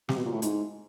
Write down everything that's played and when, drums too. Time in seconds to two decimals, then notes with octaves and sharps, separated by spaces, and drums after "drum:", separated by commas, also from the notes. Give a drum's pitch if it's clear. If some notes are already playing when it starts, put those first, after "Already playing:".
0.09 C3, drum: snare
0.17 B2
0.26 A#2
0.33 A2
0.42 G#2, drum: hi-hat